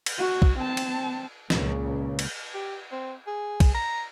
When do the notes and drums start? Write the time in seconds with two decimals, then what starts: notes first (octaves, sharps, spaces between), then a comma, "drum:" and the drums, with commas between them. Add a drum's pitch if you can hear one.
0.06 drum: cymbal
0.18 F#4
0.42 drum: kick
0.58 C4 A5
0.77 drum: cymbal
1.50 C#2 A#2 C#3, drum: snare
2.19 drum: cymbal
2.54 G4
2.92 C4
3.27 G#4
3.60 drum: kick, cymbal
3.75 A#5